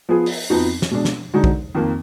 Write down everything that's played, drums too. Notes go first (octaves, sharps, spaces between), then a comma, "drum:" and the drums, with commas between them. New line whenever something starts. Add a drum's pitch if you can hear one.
F3 B3 F4 G#4
drum: open hi-hat
F2 F3 B3 D#4 F#4
drum: snare
B2 G#3 D4
drum: snare
D3 G#3 D#4 F#4
drum: kick A#1
F2 D#3 A#3